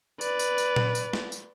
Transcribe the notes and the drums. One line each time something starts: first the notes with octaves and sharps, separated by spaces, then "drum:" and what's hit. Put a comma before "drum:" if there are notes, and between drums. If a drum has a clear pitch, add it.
B4 D5, drum: tambourine
drum: tambourine
drum: tambourine
drum: tom A#2
drum: tambourine
drum: snare
drum: tambourine